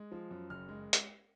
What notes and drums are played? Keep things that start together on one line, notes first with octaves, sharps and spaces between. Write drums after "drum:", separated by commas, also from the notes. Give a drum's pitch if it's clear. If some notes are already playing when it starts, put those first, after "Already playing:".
Already playing: G#3
F3
F#2
F#1 F6
G#3
drum: hi-hat